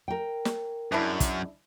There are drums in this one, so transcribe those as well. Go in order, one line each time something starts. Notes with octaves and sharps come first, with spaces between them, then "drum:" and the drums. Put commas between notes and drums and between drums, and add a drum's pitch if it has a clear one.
A#4 G5
drum: snare
F#2 G#3 D4 E4
drum: kick, hi-hat